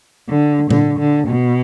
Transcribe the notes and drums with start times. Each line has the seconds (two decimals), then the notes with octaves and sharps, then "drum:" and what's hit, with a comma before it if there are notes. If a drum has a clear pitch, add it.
0.29 D3
0.70 D3, drum: tom A#2
0.99 D3
1.28 B2